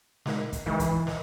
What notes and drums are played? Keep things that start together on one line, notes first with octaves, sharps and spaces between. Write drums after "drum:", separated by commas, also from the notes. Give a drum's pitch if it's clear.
C#3 G#3 D#4 A#4 D#5, drum: snare
drum: kick, hi-hat
C#3 E3 G#3 D#4 A#4 D#5
drum: kick, hi-hat
A#4 D#5, drum: snare